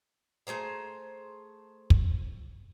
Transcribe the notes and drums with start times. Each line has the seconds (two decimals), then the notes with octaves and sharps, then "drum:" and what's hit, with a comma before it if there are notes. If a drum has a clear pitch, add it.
0.47 A3 G#4 C5 A#5
1.90 drum: kick